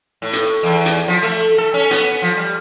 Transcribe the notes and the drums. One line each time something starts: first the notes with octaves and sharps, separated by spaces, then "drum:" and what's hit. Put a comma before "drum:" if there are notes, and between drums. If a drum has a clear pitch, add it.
A2
drum: hi-hat
E2
drum: hi-hat
F3
A3
A4
C#4
B3, drum: hi-hat
F3
G3